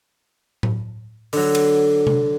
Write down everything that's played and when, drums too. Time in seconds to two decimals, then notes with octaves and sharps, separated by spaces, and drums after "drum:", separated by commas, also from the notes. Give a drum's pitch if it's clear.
0.63 drum: tom A2
1.33 D3 F#3, drum: open hi-hat
1.55 drum: cymbal
2.07 drum: tom C3